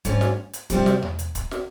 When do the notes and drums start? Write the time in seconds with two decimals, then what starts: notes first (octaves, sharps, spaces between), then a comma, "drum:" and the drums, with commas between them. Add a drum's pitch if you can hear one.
0.05 G#2 G3 C#4 F4, drum: kick, hi-hat
0.21 drum: snare
0.54 drum: hi-hat
0.70 C3 G3 C4 G4, drum: kick, hi-hat
0.86 drum: snare
1.02 drum: tom E2
1.19 drum: hi-hat
1.35 drum: kick, hi-hat
1.51 drum: snare